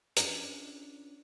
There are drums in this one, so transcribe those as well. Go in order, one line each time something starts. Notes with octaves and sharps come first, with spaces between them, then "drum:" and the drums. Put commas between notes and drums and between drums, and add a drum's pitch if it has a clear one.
C#4 D4 F4 G#4 B4, drum: hi-hat